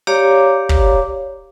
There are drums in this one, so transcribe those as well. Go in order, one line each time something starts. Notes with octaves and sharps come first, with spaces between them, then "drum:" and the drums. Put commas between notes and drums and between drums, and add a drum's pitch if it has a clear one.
G4 C#5 D5 F5 A#5 D6
drum: kick